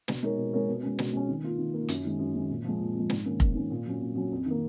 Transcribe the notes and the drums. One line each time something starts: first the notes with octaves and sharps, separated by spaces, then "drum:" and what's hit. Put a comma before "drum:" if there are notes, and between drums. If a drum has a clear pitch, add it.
B2, drum: snare
G#3 D#4 A#4 C#5
B2
G#3 D#4 A#4 C#5
B2
G#3 C#4
B2, drum: snare
G#3 C#4
D#3
A#3 F4
D#3
A#3 F4
F#2, drum: hi-hat
D#3 G#3
F#2
D#3 G#3
A#2
F3 G#3
A#2
F3 G#3
G#2, drum: snare
D#3 A#3 C#4
G#2, drum: kick F1
D#3 A#3 C#4
A#2
F#3 C#4
A#2
F#3 C#4
F2
D#3 A#3